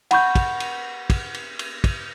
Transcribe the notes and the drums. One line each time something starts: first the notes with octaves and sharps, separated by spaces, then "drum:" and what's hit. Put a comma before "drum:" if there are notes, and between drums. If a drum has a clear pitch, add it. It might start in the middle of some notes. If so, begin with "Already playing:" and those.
F#5 B5 C#6 G6, drum: cymbal
drum: kick, cymbal
drum: cymbal
drum: kick, cymbal
drum: cymbal
drum: cymbal
drum: kick, cymbal